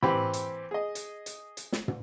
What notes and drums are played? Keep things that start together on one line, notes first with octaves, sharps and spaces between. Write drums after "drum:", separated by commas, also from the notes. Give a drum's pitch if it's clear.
E3 C4 G4 B5, drum: tom
drum: hi-hat
G#4 D#5
drum: hi-hat
drum: hi-hat
drum: hi-hat
drum: snare
drum: tom